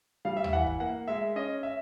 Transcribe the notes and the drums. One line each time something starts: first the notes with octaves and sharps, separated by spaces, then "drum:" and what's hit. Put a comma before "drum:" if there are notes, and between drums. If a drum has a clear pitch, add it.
G3 F5
E5
F5, drum: tom D#2
E3 F#5
drum: kick
A#3 F#5
G#3 E5
C#4 D#5
E5